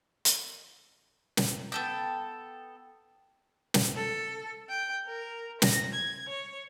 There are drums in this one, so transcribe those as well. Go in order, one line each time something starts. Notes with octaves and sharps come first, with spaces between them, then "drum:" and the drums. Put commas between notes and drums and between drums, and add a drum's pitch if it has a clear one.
drum: hi-hat
drum: snare
B3 A4 G5
drum: snare
A4
G5
A#4
A#6, drum: snare
G#6
C#5